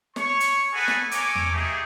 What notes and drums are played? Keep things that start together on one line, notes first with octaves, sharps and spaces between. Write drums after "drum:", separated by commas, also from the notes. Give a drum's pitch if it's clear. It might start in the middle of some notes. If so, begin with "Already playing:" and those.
C#5 C#6, drum: snare
drum: hi-hat
F#4 G#4 A4 B4 F#5 G#5
drum: snare
A4 A#4 C#5 G#5 D6, drum: hi-hat
drum: tom E2
A3 A#3 D#4 G4 G#4